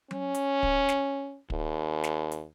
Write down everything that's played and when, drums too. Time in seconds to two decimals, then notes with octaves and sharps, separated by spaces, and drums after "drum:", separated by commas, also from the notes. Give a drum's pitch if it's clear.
0.11 C#4, drum: tom F#3
0.35 drum: hi-hat
0.63 drum: kick
0.89 drum: snare
1.50 D#2, drum: kick
2.04 drum: snare
2.32 drum: hi-hat